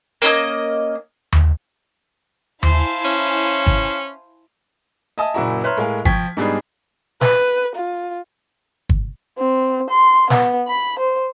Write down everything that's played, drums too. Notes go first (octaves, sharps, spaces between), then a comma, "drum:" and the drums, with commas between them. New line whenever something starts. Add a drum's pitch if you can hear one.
A#3 C#4 D#5 D#6
drum: tom D#2
E4 C5 F5 G#5 A5, drum: tom D#2
C#4
drum: kick
D#5 E5 G#5 A5 D#6
F#1 A#2 E4 F#4 E5 A#5
B4 C#5 E5 A#5 C6 F6
A2 G#3 A#4 F5 G#5
F3 G5 C#6 G#6 B6, drum: kick
G#2 G3 B3 D4 D#4 G#4
B4, drum: snare
F4
drum: kick
C4
C6
B3, drum: snare
B5
C5